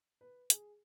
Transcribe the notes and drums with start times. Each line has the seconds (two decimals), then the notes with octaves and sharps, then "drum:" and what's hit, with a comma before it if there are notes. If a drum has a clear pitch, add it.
0.21 B4
0.50 G#4, drum: hi-hat